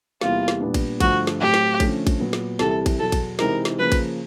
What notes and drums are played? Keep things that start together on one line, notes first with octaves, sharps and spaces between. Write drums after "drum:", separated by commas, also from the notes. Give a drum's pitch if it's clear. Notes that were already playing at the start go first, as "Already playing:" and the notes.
E2 C3 E3 G3 A#3 F4, drum: snare
drum: snare
A#2 G3 B3 D4
drum: kick A1, cymbal
G2 D3 F3 A3 F#4, drum: kick A1, cymbal
drum: snare
A2 F#3 A3 C4 G4
drum: snare
D3 F3 A3 C#4, drum: kick A1, cymbal
drum: kick A1, cymbal
A#2 F#3 B3
drum: snare
C2 C3 E3 G3 A4, drum: snare
drum: kick A1, cymbal
E2 B2 F#3 A4
drum: kick A1, cymbal
C3 E3 G#3 C4 D#4 A#4, drum: snare
drum: snare
C#3 F3 A#3 B4
drum: kick A1, cymbal